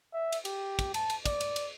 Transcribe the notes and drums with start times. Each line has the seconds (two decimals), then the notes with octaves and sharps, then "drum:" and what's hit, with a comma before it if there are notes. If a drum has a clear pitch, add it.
0.14 E5
0.32 drum: cymbal
0.45 G4, drum: cymbal
0.79 drum: kick, cymbal
0.94 A5, drum: cymbal
1.10 drum: cymbal
1.26 D5, drum: kick, cymbal
1.41 drum: cymbal
1.56 drum: cymbal